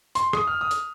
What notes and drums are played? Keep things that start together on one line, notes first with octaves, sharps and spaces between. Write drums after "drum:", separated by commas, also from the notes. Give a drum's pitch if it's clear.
C6, drum: hi-hat
D#6, drum: rim click
F6
D#6
drum: hi-hat